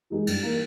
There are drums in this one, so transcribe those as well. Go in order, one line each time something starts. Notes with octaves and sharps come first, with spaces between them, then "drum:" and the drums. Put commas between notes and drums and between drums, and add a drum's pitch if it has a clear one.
E3 G#3 D#4 G#4
G2, drum: cymbal
E3 A#3 D#4 A#4